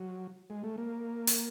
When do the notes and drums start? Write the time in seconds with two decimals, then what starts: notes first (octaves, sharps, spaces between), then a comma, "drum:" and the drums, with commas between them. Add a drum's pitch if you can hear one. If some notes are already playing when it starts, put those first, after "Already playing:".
Already playing: F#3
0.50 G#3
0.64 A3
0.78 A#3
1.27 drum: open hi-hat